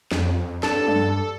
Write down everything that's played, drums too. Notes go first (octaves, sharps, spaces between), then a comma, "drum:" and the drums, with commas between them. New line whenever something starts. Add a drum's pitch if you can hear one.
F2, drum: snare
G2 D4 A4 A5, drum: snare
drum: tom F3